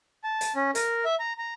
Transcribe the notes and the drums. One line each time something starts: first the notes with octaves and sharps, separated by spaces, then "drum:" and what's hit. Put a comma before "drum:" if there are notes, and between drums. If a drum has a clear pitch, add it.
A5
drum: hi-hat
C#4
A#4, drum: hi-hat
E5
A#5
A#5